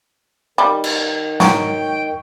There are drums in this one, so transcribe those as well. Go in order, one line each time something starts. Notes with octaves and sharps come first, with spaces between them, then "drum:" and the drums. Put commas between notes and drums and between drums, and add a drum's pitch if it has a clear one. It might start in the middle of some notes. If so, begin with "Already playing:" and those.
D#3 G3
drum: cymbal
F#3 G5 C#6, drum: snare